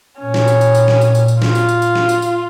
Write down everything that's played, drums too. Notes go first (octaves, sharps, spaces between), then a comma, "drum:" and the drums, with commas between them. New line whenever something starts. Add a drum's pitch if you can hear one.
A#2 C#4
drum: snare
drum: tambourine
drum: tambourine
drum: tambourine
drum: snare
drum: tambourine
drum: tambourine
drum: tambourine
F4, drum: snare
drum: tambourine
drum: tambourine
drum: tambourine
drum: snare
drum: tambourine
drum: tambourine